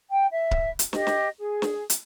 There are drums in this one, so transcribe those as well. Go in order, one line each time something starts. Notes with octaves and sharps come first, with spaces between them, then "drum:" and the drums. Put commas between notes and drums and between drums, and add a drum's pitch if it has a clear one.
G5
E5
drum: kick C#1
drum: hi-hat
G4 D#5, drum: snare
drum: snare
G#4
drum: snare
drum: hi-hat